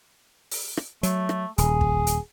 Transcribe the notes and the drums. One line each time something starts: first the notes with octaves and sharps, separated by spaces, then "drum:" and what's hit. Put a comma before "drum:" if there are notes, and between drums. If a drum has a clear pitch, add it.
drum: open hi-hat
drum: rim click
F#3 A3, drum: hi-hat
drum: rim click
D#1 G#4, drum: hi-hat
drum: kick
drum: hi-hat